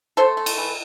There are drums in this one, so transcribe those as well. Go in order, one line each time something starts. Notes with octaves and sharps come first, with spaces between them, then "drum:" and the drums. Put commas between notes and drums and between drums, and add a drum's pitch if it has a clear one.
A3 A4 C5
A3
drum: cymbal
E3